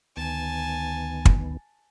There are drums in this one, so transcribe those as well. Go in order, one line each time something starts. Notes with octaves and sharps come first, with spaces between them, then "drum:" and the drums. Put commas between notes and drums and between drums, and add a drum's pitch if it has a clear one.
D2 D#3 B3 G#5 A5
drum: kick